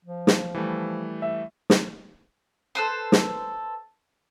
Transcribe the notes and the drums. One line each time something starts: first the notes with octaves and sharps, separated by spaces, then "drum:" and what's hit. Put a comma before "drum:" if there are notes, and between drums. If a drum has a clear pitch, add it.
F3
drum: snare
E3 G3 A3
E5
drum: snare
A4 B4 C5
drum: snare